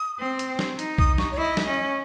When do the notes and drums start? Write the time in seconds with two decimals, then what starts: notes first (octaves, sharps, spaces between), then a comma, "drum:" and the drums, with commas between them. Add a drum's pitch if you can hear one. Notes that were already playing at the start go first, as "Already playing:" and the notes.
Already playing: D#6
0.19 C4
0.39 drum: hi-hat
0.59 drum: snare
0.79 D#4, drum: hi-hat
0.98 D#6, drum: kick B1
1.18 C#6, drum: snare
1.32 C#5
1.38 E4 D#5
1.57 drum: snare
1.67 C#4